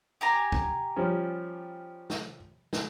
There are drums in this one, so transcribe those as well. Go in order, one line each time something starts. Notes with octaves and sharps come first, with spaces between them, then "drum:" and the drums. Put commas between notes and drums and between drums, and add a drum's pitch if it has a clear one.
G4 G#5 A#5
drum: kick
F3 G3 C#4
drum: snare
drum: snare